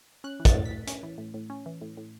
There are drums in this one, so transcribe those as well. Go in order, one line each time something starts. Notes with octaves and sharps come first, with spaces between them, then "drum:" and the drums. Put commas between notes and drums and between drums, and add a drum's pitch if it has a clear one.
C#4 F#6
E3
A6, drum: kick, hi-hat
A2
B6
A2
C#4, drum: hi-hat
E3
A2
A2
C#4
E3
A2
A2